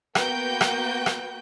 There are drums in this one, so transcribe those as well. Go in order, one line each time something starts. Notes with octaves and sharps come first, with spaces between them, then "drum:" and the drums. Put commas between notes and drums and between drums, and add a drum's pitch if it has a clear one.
A#3 B3 F#4 B4 G5 G6, drum: rim click
drum: rim click
drum: rim click